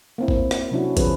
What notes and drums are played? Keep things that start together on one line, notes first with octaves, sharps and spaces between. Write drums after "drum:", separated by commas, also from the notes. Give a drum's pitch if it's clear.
A#3 C4 E4
drum: kick
drum: rim click
C3 F#3 C#4 D4 E4 F#4
D3 F3 C4 G#4 A4 B4, drum: kick, hi-hat